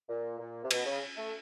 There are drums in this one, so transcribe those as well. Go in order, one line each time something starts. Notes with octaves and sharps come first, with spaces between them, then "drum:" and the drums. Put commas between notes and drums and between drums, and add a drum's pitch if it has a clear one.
A#2
A#2
C3
B2, drum: cymbal
C#3
A3